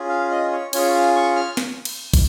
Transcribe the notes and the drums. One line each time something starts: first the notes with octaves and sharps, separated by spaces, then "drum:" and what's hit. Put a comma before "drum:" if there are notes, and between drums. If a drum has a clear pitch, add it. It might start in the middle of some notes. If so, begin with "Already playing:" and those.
Already playing: C#4 F4 G#4
F5
D#5
C#5
C#4 F4 G#4 C#5, drum: cymbal
F5
C#6
F6
drum: snare
drum: cymbal
drum: kick, cymbal